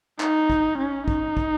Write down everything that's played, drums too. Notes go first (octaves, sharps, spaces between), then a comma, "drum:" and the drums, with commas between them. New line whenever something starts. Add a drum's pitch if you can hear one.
D#4, drum: clap
drum: kick
C#4
D#4, drum: kick
drum: kick